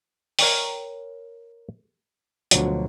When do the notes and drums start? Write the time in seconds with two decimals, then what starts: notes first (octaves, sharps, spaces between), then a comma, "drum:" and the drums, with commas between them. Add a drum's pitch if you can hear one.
0.39 A#4 C#5 G5, drum: open hi-hat
2.51 D2 B2 F3 F#3, drum: hi-hat